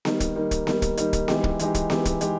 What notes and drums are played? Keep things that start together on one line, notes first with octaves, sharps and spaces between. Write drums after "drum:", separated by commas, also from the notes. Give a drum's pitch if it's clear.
D#3 G3 A#3 D#4, drum: snare B3
drum: kick, hi-hat
D#3 G3 A#3 D#4
drum: kick, hi-hat
D#3 G3 A#3 D#4, drum: snare B3
drum: kick, hi-hat
D#3 G3 A#3 D#4, drum: hi-hat
drum: kick, hi-hat
E3 G#3 D#4 G4, drum: snare B3
drum: kick
E3 G#3 D#4 G4, drum: hi-hat
drum: kick, hi-hat
E3 G#3 D#4 G4, drum: snare B3
drum: kick, hi-hat
E3 G#3 D#4 G4, drum: hi-hat